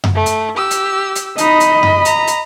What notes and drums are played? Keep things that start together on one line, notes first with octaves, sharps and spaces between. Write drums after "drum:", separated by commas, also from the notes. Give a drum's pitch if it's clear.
drum: tom F#2
A3
drum: hi-hat
G4 E6
drum: hi-hat
drum: hi-hat
D#4 D#5 B5, drum: hi-hat
drum: hi-hat
drum: tom F#2
A#5, drum: hi-hat
drum: hi-hat